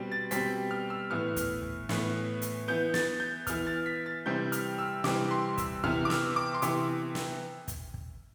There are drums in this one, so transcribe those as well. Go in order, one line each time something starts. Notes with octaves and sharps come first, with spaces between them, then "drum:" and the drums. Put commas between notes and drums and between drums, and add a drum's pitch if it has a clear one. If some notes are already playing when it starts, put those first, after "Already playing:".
Already playing: B2 G3 C4
A6
B2 G3 C4 B6, drum: hi-hat
F6
E6
A2 E3 B3 F6
drum: kick, hi-hat
drum: kick
A2 E3 B3, drum: snare
drum: hi-hat
E3 B3 G6
A6, drum: snare
G6
E3 B3 F6, drum: kick, hi-hat
A6
B6
A6
C3 E3 G3 C4 G6
F6, drum: hi-hat
E6
C3 E3 G3 C4 D6, drum: snare
C6
E6, drum: kick, hi-hat
C3 E3 B3 F6, drum: kick
D6
E6, drum: snare
D6
C6
C3 E3 B3 D6, drum: hi-hat
drum: snare
drum: kick, hi-hat
drum: kick